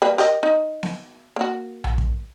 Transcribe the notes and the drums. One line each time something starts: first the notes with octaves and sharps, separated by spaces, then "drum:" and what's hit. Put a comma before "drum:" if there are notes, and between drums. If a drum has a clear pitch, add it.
G3 A#3 B4
G4 A#4 D#5, drum: hi-hat
D#4
drum: snare B3
A#3 F#4
drum: tom A#1
drum: kick